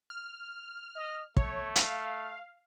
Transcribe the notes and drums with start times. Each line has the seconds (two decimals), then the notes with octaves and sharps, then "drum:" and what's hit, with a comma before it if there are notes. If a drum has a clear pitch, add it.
0.10 F6
0.96 D#5
1.37 A3 C#5, drum: kick
1.76 F5, drum: hi-hat